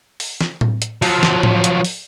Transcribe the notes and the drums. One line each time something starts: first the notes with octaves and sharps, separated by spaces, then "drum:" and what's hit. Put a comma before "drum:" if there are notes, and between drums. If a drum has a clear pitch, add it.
drum: open hi-hat
drum: snare
drum: tom A2
drum: hi-hat
F3 F#3, drum: open hi-hat
drum: snare
drum: tom A2
drum: hi-hat
drum: open hi-hat